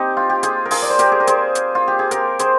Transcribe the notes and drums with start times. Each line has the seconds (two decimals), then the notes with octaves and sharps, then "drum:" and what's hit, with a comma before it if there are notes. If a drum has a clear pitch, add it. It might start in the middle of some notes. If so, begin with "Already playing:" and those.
Already playing: C4 D#4 G4
0.17 F4
0.30 G4
0.43 F4 G#4, drum: hi-hat
0.65 A#4
0.71 F4 G#4, drum: open hi-hat
0.82 D5
0.90 C5
0.99 G4 A#4, drum: hi-hat
1.12 G#4
1.20 A#4
1.27 G#4 C5, drum: hi-hat
1.55 drum: hi-hat
1.75 F4
1.88 G4
1.99 G#4
2.11 G4 A#4, drum: hi-hat
2.39 G#4 C5, drum: hi-hat